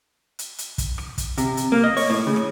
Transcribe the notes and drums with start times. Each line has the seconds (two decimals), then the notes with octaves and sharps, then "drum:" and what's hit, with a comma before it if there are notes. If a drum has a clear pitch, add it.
0.39 drum: hi-hat
0.58 drum: hi-hat
0.78 drum: kick, hi-hat
0.98 drum: rim click
1.18 drum: kick, hi-hat
1.38 C3, drum: hi-hat
1.57 drum: hi-hat
1.72 A#3
1.84 D#5
1.97 C#5, drum: open hi-hat
2.10 A2
2.27 C#3
2.36 drum: rim click